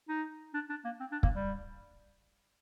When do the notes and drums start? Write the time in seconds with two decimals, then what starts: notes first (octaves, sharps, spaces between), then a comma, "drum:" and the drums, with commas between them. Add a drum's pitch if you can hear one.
0.09 D#4
0.54 D4
0.70 D4
0.85 A#3
1.00 C4
1.12 D4
1.23 A#3, drum: kick
1.35 G3